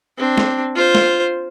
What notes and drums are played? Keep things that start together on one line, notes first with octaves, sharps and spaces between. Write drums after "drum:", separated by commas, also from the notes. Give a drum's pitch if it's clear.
C4 D4
drum: snare
F4 C5
drum: snare